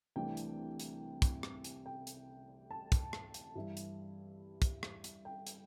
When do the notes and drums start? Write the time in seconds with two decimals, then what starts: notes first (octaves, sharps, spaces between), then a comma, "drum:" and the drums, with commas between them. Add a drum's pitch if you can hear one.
0.16 C2 C3 E3 A3 D4 G5
0.37 drum: hi-hat
0.80 drum: hi-hat
1.22 drum: kick, hi-hat
1.43 drum: rim click
1.64 drum: hi-hat
1.86 G5
2.07 drum: hi-hat
2.71 A5
2.92 drum: kick, hi-hat
3.13 drum: rim click
3.34 drum: hi-hat
3.55 G2 E3 G3 E4
3.77 drum: hi-hat
4.62 drum: kick, hi-hat
4.83 drum: rim click
5.04 drum: hi-hat
5.25 G5
5.47 drum: hi-hat